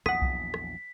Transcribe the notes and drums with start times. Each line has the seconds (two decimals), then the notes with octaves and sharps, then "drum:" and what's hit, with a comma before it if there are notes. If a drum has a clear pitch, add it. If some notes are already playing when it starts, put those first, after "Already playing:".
0.06 A#1 E2 F#3 F#5 D#6 B6, drum: rim click
0.22 drum: kick B1
0.54 drum: rim click